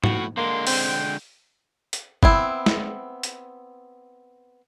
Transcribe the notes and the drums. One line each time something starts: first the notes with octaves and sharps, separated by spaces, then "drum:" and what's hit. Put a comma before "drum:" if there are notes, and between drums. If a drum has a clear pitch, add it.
A2 F#4, drum: tom G#2
D3 G#3 A#3 C6
C4 C5, drum: open hi-hat
G5
drum: hi-hat
B3 C4 E4, drum: kick
drum: snare
drum: hi-hat